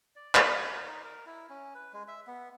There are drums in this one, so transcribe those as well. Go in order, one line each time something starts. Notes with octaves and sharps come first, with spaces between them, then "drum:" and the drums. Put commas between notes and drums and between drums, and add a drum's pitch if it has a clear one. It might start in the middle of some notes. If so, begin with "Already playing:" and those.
D5
F4, drum: clap
G3
A#5
D#4
A#4
E4
C#4
B4
G#3
E5
B3